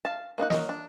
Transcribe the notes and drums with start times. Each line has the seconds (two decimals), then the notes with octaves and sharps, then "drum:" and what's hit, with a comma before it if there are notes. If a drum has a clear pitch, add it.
0.05 F5 A5
0.38 A#3 D4 D#4 F#5
0.50 F#3 A#4 D#5, drum: snare
0.69 D4